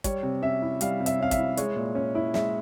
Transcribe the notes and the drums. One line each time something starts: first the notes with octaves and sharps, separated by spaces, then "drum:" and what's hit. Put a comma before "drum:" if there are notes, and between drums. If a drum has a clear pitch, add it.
G3 C#5, drum: kick, hi-hat
C3
C#4 E5
E4
G3 F5, drum: hi-hat
C3
E5, drum: hi-hat
C#4 F5
E5, drum: kick, hi-hat
E4
G#3 C#5, drum: hi-hat
A#2
C#4
E4
G#3 E5, drum: snare